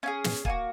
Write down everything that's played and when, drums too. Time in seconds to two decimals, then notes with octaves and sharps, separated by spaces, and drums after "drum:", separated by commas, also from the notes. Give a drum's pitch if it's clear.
0.03 C#4 F4 G#4 G#5
0.24 drum: snare
0.45 A#3 D#4 F#4 G#5, drum: kick